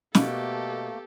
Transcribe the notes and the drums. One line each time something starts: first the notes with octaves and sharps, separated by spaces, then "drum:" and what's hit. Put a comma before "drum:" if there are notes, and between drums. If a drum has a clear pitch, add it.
B2 A3 A#3 G4 A4, drum: snare